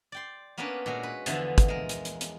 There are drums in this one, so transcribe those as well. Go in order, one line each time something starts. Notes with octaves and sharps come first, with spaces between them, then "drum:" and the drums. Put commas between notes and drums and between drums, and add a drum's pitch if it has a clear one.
D5 G5 C6
A#3 B3 C#4 D4 A#4 B4
A#2 G#3 C#4 F#4
B4
E2 D3 E3 F3 B3, drum: hi-hat
drum: kick, hi-hat
G#3 A#4
drum: hi-hat
drum: hi-hat
drum: hi-hat